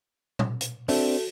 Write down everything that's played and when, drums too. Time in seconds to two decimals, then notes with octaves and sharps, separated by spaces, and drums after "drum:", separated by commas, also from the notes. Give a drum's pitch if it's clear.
0.39 drum: tom A#2
0.61 drum: hi-hat
0.89 A3 C4 D4 F#4, drum: open hi-hat